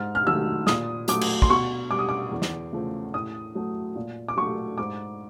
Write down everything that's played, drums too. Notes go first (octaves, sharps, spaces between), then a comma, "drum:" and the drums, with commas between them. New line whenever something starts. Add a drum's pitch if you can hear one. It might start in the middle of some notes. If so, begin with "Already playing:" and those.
Already playing: G#2 F6
F6
D#3 F#3 A3 E6
A#2 D#6, drum: snare
F#3 A3 D6, drum: hi-hat
drum: cymbal
C6, drum: kick
B2 C#6
G3 D6
D#6
D6
E2
drum: snare
C#3 F3 A3
A2 D#6
F#3 A3
A#2
D6
F#3 A3 C#6
G#2 D6